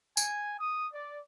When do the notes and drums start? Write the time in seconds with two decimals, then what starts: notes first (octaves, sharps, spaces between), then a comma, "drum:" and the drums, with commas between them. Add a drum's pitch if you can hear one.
0.17 G#5, drum: tambourine
0.60 D#6
0.93 D5